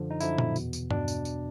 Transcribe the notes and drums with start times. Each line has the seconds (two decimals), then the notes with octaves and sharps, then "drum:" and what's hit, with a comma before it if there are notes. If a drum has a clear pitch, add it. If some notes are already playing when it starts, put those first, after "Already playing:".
Already playing: F#2 D3 F3
0.11 D#4
0.20 F#2 D3 F3 E4, drum: tambourine
0.38 drum: tom A#2
0.56 E2 B2, drum: tambourine
0.73 drum: tambourine
0.91 B2 D4, drum: tom G2
1.08 drum: tambourine
1.25 drum: tambourine